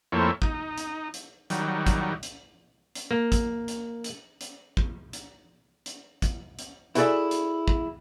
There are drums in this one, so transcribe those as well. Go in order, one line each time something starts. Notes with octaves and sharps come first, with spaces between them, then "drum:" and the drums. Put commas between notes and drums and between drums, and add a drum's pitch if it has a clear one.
F2 A3 A#3 C4 E4 C#5
D#4, drum: kick
drum: hi-hat
drum: hi-hat
D#3 F#3 G3, drum: hi-hat
drum: kick, hi-hat
drum: hi-hat
drum: hi-hat
A#3
drum: kick, hi-hat
drum: hi-hat
drum: hi-hat
drum: hi-hat
drum: kick
drum: hi-hat
drum: hi-hat
drum: kick, hi-hat
drum: hi-hat
E4 F#4 G#4 A4 D5 E5, drum: hi-hat
drum: hi-hat
drum: kick